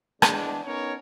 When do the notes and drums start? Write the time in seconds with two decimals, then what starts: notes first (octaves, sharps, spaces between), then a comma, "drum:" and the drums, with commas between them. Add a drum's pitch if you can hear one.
0.22 E2 G#3 D4, drum: rim click
0.65 B3 C#4 D#4 A#4 C#5